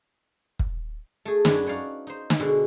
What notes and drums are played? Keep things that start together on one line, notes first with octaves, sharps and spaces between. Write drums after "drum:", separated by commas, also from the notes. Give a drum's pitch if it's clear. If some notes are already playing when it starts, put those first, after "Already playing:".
drum: kick
A3 G#4
F#2 F#3 D4 B4 G#5, drum: snare
D#4 C#5 D5 F5 F#5
D#4 C5
drum: snare
B2 D3 G#3